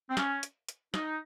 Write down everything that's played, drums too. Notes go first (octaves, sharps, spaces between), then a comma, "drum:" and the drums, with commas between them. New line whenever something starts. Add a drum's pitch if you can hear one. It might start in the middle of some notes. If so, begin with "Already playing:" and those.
C4
C#4, drum: snare
drum: hi-hat
drum: hi-hat
D#4, drum: snare